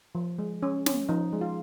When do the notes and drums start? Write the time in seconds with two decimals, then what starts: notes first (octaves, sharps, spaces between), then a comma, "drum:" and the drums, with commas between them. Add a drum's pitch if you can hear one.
0.15 F3
0.38 G#3
0.63 C#4
0.86 C#4, drum: snare
1.09 F3 D#4
1.33 G#3
1.41 F4